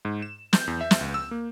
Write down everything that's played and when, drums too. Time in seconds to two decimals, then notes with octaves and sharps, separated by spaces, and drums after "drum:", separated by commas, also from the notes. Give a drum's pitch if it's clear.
0.05 G#2
0.22 E7
0.53 G6, drum: snare
0.67 E2
0.81 E5
0.91 drum: snare
1.01 C#2
1.14 E6
1.31 A#3